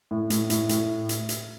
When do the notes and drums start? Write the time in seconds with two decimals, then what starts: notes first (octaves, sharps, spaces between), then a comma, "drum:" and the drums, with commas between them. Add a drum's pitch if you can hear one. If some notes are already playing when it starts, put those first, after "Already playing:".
0.11 A2
0.30 A2, drum: hi-hat
0.50 A2, drum: hi-hat
0.69 A2, drum: hi-hat
1.09 drum: hi-hat
1.29 drum: hi-hat